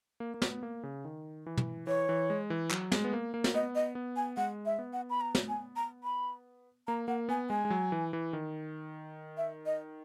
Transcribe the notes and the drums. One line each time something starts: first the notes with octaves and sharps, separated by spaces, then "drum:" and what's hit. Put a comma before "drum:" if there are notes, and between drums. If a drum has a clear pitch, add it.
A#3
A#3
B3, drum: snare
A#3
C#3
D#3
E3
drum: tom
E3 C#5
E3
G#3
E3
F#3, drum: clap
G#3, drum: snare
B3
A#3
A#3
drum: snare
B3 D#5
D#5
B3
G#5
G#3 F#5
E5
B3
F#5
B5
A#5
drum: snare
G#5
A#5
B5
A#3 A#5
A#3 F#5
B3 G#5
G#3 G#5
G#3
F#3
E3
E3
D#3
E5
D#5